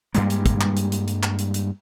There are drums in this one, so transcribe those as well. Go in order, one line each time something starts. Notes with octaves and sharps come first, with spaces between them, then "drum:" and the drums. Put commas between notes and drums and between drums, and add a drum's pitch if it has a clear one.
G2 G3 G#3 A#3, drum: hi-hat
drum: hi-hat
drum: kick, hi-hat
drum: clap
drum: hi-hat
drum: hi-hat
drum: hi-hat
drum: clap
drum: hi-hat
drum: hi-hat